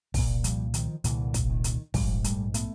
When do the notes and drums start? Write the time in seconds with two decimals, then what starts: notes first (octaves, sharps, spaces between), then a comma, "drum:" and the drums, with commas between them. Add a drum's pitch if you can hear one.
0.14 C2 A#2, drum: kick, open hi-hat
0.44 F3 G3, drum: hi-hat
0.74 D#3 F3, drum: hi-hat
1.04 C2 A#2 D3 E3, drum: hi-hat
1.34 drum: kick, hi-hat
1.49 D#3
1.64 drum: hi-hat
1.94 A#1 G#2 F3 G3, drum: kick, open hi-hat
2.24 G3 A3, drum: hi-hat
2.54 A3 B3, drum: hi-hat